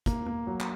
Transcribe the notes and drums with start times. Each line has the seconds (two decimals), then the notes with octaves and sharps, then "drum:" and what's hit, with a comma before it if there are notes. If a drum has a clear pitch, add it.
0.06 A#3, drum: kick, hi-hat
0.26 A#3
0.47 F#3
0.60 drum: clap